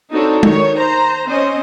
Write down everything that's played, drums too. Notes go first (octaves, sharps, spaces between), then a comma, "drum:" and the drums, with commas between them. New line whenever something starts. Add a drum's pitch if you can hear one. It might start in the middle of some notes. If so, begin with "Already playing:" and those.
C4 D4 D#4 F#4 A4 C#5
D#3 C#5, drum: tom
C5 A#5
C4 C#4 C5 D#5